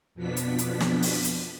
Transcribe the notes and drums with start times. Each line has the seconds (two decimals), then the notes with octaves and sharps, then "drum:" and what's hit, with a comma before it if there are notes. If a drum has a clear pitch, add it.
0.15 F2 B2 F3 B3 D4 B6
0.37 drum: hi-hat
0.58 drum: hi-hat
0.80 drum: snare
1.02 drum: open hi-hat
1.24 drum: hi-hat